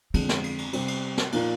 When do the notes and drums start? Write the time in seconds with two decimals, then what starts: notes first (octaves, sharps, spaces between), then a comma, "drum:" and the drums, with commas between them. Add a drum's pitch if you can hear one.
0.14 F2 D3 G#3 C4 D4, drum: cymbal
0.29 drum: snare
0.44 drum: cymbal
0.58 drum: cymbal
0.73 C3 G3 C4, drum: cymbal
0.88 drum: cymbal
1.17 drum: snare
1.32 A#2 F3 A#3 D#4, drum: cymbal